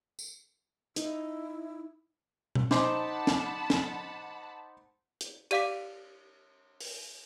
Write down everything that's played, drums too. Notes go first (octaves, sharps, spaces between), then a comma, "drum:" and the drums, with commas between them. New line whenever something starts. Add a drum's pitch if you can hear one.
drum: tambourine
D#4 E4, drum: hi-hat
drum: tom B2
D#4 C5 F#5 A5 B5 D6, drum: snare
drum: snare
drum: snare
drum: hi-hat
G4 D5 F5 D6 B6, drum: cymbal
drum: open hi-hat